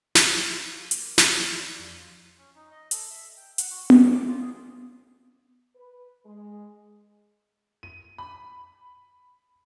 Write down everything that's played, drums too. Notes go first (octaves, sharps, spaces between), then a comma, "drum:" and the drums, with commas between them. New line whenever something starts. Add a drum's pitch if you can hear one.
A3, drum: snare
G4
E4
F4
A#3, drum: hi-hat
C#4, drum: snare
E3
D5
F2
F4
C#4
D#4
D#5
A4, drum: hi-hat
E5
G5
F#5, drum: hi-hat
F#4
B3, drum: tom B3
D6
F4
G#4
B4
G#3
D#7
B5